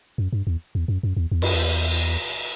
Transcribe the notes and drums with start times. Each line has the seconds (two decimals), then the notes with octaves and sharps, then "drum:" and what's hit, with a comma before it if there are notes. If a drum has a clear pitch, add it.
0.18 F#2
0.33 G2
0.47 E2
0.75 E2
0.88 F#2
1.03 F#2
1.17 E2
1.31 E2
1.42 F#2, drum: cymbal
1.54 E2